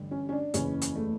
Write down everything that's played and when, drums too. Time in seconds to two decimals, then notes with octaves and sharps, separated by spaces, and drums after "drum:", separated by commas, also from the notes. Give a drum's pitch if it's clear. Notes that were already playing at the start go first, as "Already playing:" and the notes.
Already playing: A1 G2 D3
0.11 C#4
0.29 C#4
0.32 D4
0.54 F#1 E2 C#3 E3 C#4, drum: hi-hat
0.82 drum: hi-hat
0.95 A3